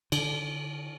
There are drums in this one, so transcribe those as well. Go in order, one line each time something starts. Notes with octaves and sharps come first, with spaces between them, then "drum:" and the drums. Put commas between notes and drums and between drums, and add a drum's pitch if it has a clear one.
D3, drum: cymbal